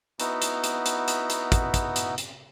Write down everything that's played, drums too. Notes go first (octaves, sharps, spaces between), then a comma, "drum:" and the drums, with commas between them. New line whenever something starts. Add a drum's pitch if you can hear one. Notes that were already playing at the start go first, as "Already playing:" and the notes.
B3 D#4 E4 F#4, drum: hi-hat
drum: hi-hat
drum: hi-hat
drum: hi-hat
drum: hi-hat
drum: hi-hat
drum: kick, hi-hat
drum: kick, hi-hat
drum: hi-hat
drum: hi-hat